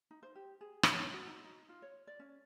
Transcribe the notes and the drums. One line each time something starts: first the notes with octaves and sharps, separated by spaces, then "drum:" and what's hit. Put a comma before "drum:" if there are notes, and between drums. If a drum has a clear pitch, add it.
D#4
C5
G4
G#4
drum: rim click
C#5
F#4
D#4
D#4
F4
C#5
D5
C#4